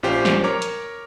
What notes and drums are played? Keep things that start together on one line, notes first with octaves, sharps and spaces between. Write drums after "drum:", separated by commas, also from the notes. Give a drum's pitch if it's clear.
A#1 C#4 F4 G4 C5
drum: snare
A#4 C#5 A#5 D6
drum: hi-hat